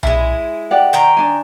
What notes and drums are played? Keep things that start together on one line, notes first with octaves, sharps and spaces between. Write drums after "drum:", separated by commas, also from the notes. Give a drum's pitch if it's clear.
G#3 E4, drum: tom B1
G4 D5 F#5
D#3 G5 A#5
D4 G#5